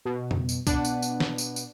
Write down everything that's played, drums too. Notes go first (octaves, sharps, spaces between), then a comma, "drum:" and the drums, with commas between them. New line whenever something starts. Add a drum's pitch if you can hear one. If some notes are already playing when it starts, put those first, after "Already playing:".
B2
drum: tom F2
drum: tambourine
B2 D4 B4 F#5, drum: kick C2, tambourine
drum: tambourine
drum: tambourine
drum: snare
drum: tambourine
drum: tambourine